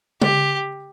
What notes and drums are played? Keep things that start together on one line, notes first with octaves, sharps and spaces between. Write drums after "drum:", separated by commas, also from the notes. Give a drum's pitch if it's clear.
G4, drum: tom